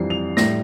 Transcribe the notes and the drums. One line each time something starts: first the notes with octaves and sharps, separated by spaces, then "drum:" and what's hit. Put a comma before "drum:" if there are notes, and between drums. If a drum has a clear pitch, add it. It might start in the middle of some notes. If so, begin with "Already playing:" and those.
Already playing: F2 E3 G3 C7
F7
A2 G3 A#6, drum: snare